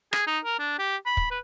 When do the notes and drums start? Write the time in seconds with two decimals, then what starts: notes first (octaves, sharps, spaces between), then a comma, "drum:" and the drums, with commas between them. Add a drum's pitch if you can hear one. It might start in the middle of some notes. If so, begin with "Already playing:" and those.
0.13 G#4, drum: rim click
0.27 D#4
0.45 A#4
0.59 D4
0.79 G4
1.06 B5
1.17 drum: kick
1.31 B4